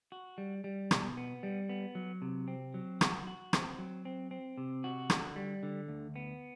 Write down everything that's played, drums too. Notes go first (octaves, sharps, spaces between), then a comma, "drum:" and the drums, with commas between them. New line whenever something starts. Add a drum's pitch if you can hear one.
F#4
G3
G3
B2, drum: rim click
B3
G3
B3
F#3
C3
C4
F#3
F#4, drum: rim click
F#4
C4, drum: rim click
F#3
C4
C4
C3
F#4
D3, drum: rim click
G3
D3
D2
B3